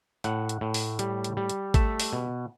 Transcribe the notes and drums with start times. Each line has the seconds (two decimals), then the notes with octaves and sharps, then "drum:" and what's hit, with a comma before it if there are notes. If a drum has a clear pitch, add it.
0.24 A2 F#5, drum: hi-hat
0.49 drum: hi-hat
0.61 A2
0.74 drum: open hi-hat
0.99 G3, drum: hi-hat
1.24 drum: hi-hat
1.37 G3
1.49 drum: hi-hat
1.74 A3 E5, drum: kick G#1, hi-hat
2.00 drum: open hi-hat
2.13 B2